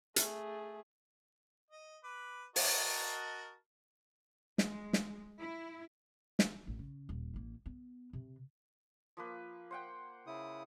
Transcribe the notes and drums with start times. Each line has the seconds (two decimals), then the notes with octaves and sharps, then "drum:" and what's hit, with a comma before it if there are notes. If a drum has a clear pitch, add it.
0.16 A3 G#4, drum: hi-hat
1.71 D#5
2.04 B4 D6
2.56 F#4 A#4 D#5 A5, drum: open hi-hat
4.58 G#3, drum: snare
4.93 drum: snare
5.39 E4
6.39 drum: snare
6.67 A1
6.79 C#3
7.09 D#1
7.34 A1 A#3
7.66 B3
8.13 C3
9.17 F3 A#3 B4
9.71 C5 F#5 G5
10.27 C#3 E4 D#6